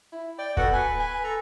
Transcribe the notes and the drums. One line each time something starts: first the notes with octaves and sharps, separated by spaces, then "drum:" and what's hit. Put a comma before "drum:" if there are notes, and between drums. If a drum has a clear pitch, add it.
E4
D5 G5
B3 F#4 A4 F#5, drum: kick
B4 G#5
G#5
A4 A#5